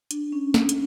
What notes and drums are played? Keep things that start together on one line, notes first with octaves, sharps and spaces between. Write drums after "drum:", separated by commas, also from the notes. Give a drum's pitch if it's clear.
D4, drum: hi-hat
C#4
drum: snare
drum: hi-hat